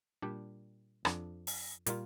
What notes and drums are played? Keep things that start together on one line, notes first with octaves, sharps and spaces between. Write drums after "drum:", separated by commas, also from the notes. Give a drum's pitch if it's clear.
A#2 G3 D4 G4
F2 F3 D4, drum: rim click
drum: open hi-hat
A#2 G3 A#3 F4, drum: hi-hat